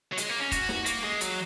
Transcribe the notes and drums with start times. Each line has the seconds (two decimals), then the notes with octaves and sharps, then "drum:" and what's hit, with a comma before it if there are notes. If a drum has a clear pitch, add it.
0.12 F#3
0.17 G#3, drum: hi-hat
0.29 A#3
0.40 C#4
0.52 F#4, drum: kick, hi-hat
0.69 drum: snare
0.86 A#3, drum: hi-hat
1.03 G#3
1.21 F#3, drum: hi-hat